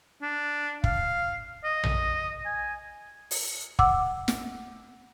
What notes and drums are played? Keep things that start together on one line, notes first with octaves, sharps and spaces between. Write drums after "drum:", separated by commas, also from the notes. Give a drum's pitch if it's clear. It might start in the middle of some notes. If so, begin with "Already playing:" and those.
D4
F5, drum: kick
D#5
drum: tom A#1
G#5
drum: open hi-hat
F#5 D6 E6, drum: kick
drum: snare